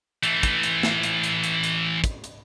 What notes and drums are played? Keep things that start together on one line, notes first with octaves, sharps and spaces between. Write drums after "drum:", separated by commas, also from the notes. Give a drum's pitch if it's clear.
E3 A3, drum: hi-hat
drum: kick, hi-hat
drum: hi-hat
drum: snare
drum: hi-hat
drum: hi-hat
drum: hi-hat
drum: hi-hat
drum: kick, hi-hat
drum: hi-hat